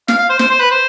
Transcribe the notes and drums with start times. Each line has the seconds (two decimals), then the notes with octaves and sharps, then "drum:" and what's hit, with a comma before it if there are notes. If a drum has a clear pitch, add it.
0.08 F5, drum: snare
0.18 F5
0.29 C5
0.39 C5, drum: snare
0.50 C5
0.60 B4
0.71 C5